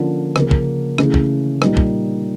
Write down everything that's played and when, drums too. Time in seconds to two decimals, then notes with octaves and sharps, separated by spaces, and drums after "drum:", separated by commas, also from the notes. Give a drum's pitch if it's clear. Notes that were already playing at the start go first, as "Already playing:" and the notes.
Already playing: D3 F3 A#3 C#4 F4
0.36 C#3 F3 A#3, drum: rim click
0.51 drum: kick
0.98 C#3 E3 A3 C#4, drum: rim click
1.14 drum: kick
1.62 A#2 G3 A#3 D#4, drum: rim click
1.77 drum: kick